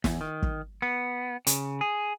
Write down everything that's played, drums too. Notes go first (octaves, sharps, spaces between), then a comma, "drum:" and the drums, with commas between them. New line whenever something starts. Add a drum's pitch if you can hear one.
E2, drum: snare
D#3
drum: kick
B3
C#3, drum: hi-hat
G#4